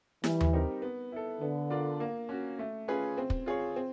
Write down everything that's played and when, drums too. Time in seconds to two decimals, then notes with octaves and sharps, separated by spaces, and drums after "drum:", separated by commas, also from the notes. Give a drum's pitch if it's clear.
0.24 E3 G3, drum: snare E4
0.41 drum: tom D#2
0.53 C4 D#4 G4 A#4
0.82 B3
1.12 E4 A4
1.41 D3 B3
1.70 D4 F4 A#4 D5
2.00 A#3
2.29 C#4 F#4
2.59 A3
2.88 C#4 F4 G#4 B4
3.18 C4
3.30 drum: kick
3.46 F4 G#4 C#5
3.76 C4